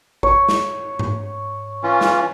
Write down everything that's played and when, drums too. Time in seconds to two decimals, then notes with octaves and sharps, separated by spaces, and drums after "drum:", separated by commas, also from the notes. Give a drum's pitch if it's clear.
0.23 C#5, drum: kick G#1
0.49 drum: snare
0.99 drum: tom G#2
1.83 E3 C#4 F4
2.01 drum: snare